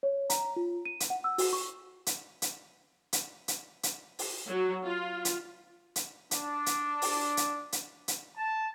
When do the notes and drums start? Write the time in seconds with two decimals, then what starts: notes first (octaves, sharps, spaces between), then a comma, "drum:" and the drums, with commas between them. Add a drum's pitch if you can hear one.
0.03 C#5
0.30 A#5, drum: hi-hat
0.56 F4
0.85 D#7
1.00 drum: hi-hat
1.10 F#5
1.24 E6
1.38 F#4, drum: open hi-hat
1.53 C#6
2.06 drum: hi-hat
2.42 drum: hi-hat
3.13 drum: hi-hat
3.48 drum: hi-hat
3.83 drum: hi-hat
4.19 drum: open hi-hat
4.49 F#3
4.85 F4
5.25 drum: hi-hat
5.96 drum: hi-hat
6.31 D4, drum: hi-hat
6.66 drum: hi-hat
7.02 drum: open hi-hat
7.37 drum: hi-hat
7.72 drum: hi-hat
8.08 drum: hi-hat
8.36 A5